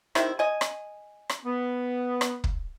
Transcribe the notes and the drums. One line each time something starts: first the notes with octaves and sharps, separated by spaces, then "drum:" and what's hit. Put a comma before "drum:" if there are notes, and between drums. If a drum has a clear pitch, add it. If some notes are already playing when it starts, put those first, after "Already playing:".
C3 D#3 E4, drum: rim click
D#5 G#5
drum: rim click
drum: rim click
B3
drum: rim click
drum: kick